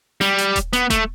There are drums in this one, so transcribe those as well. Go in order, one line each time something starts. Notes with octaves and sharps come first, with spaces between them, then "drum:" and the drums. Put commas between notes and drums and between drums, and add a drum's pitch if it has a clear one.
G3, drum: snare
drum: hi-hat
drum: kick D#1, hi-hat
B3, drum: hi-hat
A3, drum: kick D#1, hi-hat